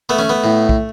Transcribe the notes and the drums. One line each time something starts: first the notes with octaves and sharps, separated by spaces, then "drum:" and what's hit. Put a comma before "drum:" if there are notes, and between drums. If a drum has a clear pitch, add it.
A3 B3
C#4
B3
A2
drum: kick